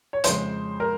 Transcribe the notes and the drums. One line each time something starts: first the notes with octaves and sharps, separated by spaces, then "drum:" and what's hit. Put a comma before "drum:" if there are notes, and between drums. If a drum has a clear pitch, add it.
C#5
F2 C#3 G#3 C5, drum: hi-hat
A#4